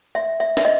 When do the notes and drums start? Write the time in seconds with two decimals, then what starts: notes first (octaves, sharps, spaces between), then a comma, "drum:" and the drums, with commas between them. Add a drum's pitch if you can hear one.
0.15 E5
0.40 E5
0.57 E5, drum: snare
0.65 D#5